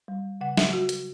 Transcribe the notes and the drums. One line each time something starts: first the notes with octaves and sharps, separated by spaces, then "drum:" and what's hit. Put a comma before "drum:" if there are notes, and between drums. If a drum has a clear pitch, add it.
G3
C#3 F#5
E5, drum: snare
F#3 F#4
drum: hi-hat